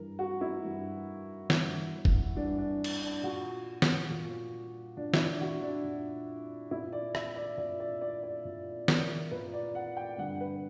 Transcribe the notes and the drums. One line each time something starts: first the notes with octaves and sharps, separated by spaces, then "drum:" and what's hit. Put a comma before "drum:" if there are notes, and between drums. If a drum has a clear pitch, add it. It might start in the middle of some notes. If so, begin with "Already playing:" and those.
Already playing: G2 E3 A#4
F#4
E4
G2 E3
G2 E3, drum: snare
drum: kick
G2 E3 D4
D4
drum: cymbal
D4
A#2 F#4
drum: snare
A#2
A#2 D4
E4, drum: snare
D4
F#4
D4
A#2
A#2 E4
D5
E5, drum: rim click
D5
A#2 D5
D5
D5
D5
A#2
A#4, drum: snare
A#2 B4
D5
F#5
G5
G2 D3 F#5
B4